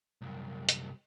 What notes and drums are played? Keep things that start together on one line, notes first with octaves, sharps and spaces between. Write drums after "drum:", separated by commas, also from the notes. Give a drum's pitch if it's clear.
C2 F#2
drum: hi-hat